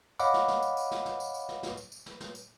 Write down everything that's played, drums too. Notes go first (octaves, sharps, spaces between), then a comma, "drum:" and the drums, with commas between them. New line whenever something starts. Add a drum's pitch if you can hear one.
C#5 D#5 F5 F#5 B5 D6, drum: tambourine
drum: snare
drum: snare
drum: tambourine
drum: tambourine
drum: snare
drum: snare
drum: tambourine
drum: tambourine
drum: snare
drum: snare
drum: tambourine
drum: tambourine
drum: snare
drum: snare
drum: tambourine